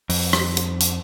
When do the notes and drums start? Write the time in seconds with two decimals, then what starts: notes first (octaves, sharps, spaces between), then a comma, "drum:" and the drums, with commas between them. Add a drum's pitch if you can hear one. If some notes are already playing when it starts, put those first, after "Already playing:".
0.10 F2, drum: open hi-hat
0.33 drum: rim click
0.57 drum: hi-hat
0.80 drum: hi-hat